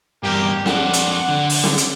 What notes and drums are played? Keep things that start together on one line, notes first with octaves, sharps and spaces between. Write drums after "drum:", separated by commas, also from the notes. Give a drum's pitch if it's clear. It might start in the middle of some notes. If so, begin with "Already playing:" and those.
E2 G2 A#3 G4
F2 D4 F#5, drum: snare
drum: hi-hat
D3
drum: open hi-hat
drum: snare
drum: hi-hat